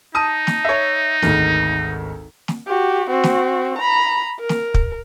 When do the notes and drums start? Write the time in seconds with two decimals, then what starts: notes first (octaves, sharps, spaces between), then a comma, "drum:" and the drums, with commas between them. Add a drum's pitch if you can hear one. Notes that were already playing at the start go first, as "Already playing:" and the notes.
0.15 D#4 A5 D#6 D#7
0.47 drum: snare
0.65 C#5 E5
1.22 G#1 D2 D#3, drum: snare
2.48 drum: snare
2.67 F#4 G4
3.09 C4 F#4
3.24 drum: snare
3.78 A#5 B5
4.40 A#4
4.49 drum: snare
4.74 drum: kick